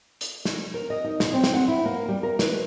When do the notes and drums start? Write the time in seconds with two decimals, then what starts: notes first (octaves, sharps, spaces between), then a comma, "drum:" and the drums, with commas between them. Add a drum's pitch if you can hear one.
0.21 drum: hi-hat
0.45 drum: snare
0.74 A#4
0.90 D#5
1.04 D#4
1.20 B2, drum: snare
1.33 C4
1.44 drum: snare
1.54 F#5
1.68 E4
1.85 A#3
2.08 G3
2.23 A#4
2.39 B4, drum: snare